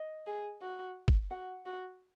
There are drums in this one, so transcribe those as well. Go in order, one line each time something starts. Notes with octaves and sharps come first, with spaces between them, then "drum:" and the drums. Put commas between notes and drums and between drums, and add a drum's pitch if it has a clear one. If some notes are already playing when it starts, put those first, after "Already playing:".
Already playing: D#5
G#4
F#4
drum: kick
F#4 F#5
F#4